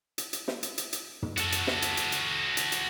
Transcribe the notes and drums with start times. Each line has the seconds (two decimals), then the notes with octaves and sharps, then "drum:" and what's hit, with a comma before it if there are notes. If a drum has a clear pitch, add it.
0.18 drum: hi-hat
0.33 drum: hi-hat
0.48 drum: snare
0.63 drum: hi-hat
0.78 drum: hi-hat
0.93 drum: hi-hat
1.22 drum: tom
1.37 F#4 A4, drum: hi-hat
1.52 drum: hi-hat
1.67 drum: snare
1.82 drum: hi-hat
1.97 drum: hi-hat
2.12 drum: hi-hat
2.57 drum: hi-hat
2.72 drum: hi-hat